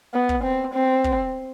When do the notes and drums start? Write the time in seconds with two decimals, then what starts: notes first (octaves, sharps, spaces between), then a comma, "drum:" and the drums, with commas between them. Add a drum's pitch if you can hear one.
0.14 B3
0.29 drum: kick
0.43 C4
0.74 C4
1.04 drum: kick